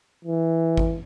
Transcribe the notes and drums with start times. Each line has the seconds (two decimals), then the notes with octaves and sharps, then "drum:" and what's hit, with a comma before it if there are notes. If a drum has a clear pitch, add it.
0.25 E3
0.77 drum: kick G#1